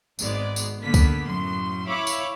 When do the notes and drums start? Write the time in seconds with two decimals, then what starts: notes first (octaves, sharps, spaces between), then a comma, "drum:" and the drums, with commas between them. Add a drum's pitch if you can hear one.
0.19 G#1 G#2 G#3 B3 D5, drum: tambourine
0.56 drum: tambourine
0.81 D3 A#3 B3 B6
0.94 drum: kick C#2, tambourine
1.24 F#2 A2 C6
1.87 E4 C#5 E5 F5 B5 D6
2.07 drum: tambourine